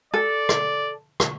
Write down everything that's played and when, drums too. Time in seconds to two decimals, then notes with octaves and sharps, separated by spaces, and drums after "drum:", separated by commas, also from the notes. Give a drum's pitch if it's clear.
0.14 A4 D5
0.49 drum: rim click
1.20 drum: rim click